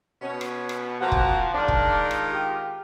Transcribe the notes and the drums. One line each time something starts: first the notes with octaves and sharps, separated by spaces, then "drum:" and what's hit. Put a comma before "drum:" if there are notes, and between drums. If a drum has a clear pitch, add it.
B2 C#4
drum: rim click
drum: rim click
F3 A#3 C4 F#4
drum: kick
D#3 G#3 D4 F4
drum: kick
drum: rim click
G4